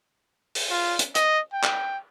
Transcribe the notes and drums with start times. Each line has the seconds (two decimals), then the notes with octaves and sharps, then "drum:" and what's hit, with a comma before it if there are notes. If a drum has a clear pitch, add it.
0.55 drum: open hi-hat
0.70 F4
0.99 drum: hi-hat
1.15 D#5, drum: hi-hat
1.53 G5
1.64 drum: clap